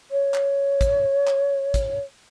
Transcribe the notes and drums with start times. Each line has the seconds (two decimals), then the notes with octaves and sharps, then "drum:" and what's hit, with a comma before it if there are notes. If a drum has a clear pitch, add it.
0.11 C#5
0.34 drum: clap
0.81 drum: kick, hi-hat
1.27 drum: clap
1.74 drum: kick, hi-hat